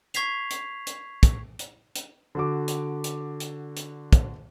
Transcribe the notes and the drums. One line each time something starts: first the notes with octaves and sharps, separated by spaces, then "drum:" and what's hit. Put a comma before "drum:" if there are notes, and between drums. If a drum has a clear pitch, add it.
C#6 G#6 B6 C7 F7, drum: hi-hat
drum: hi-hat
drum: hi-hat
drum: kick, hi-hat
drum: hi-hat
drum: hi-hat
D3 F#4 D6
drum: hi-hat
drum: hi-hat
drum: hi-hat
drum: hi-hat
drum: kick, hi-hat